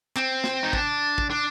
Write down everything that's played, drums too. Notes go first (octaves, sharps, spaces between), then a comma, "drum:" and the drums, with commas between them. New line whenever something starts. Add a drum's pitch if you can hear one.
C4, drum: clap
drum: snare
D#4
D4, drum: kick
drum: kick
D4